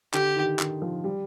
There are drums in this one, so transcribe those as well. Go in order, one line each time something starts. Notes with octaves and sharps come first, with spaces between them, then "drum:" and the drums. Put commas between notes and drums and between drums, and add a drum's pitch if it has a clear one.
D3 G4, drum: clap
D#3
D#3, drum: clap
F3
G3